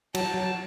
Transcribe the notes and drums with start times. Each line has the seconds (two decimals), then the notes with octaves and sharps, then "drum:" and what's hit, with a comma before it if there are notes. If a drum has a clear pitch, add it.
0.15 F#3 A5, drum: cymbal
0.34 F#3